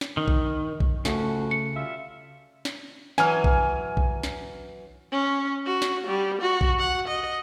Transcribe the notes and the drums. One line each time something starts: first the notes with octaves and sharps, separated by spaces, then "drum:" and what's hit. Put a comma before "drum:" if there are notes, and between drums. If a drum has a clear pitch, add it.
drum: snare
D#3
drum: kick A#1
drum: kick A#1
C#3 F3 A3 F#4 C#6, drum: snare
C#7
G3 F4 E5
drum: snare
E3 F#3 G#5 F6, drum: snare
drum: kick A#1
drum: kick A#1
drum: snare
C#4
F#4
drum: snare
G3
F#4
drum: kick A#1
F#5
D#5